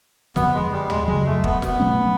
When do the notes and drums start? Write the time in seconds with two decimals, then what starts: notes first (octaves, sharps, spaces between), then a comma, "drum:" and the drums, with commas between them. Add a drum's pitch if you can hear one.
0.36 F2 D3 F3 B3, drum: snare
0.54 G#3
0.72 G3
0.90 G#3, drum: tom
1.08 F#2 C#3 F#3 G#3
1.26 A3
1.44 B3, drum: kick
1.62 B3, drum: snare
1.80 B2 F#3 A3 C#4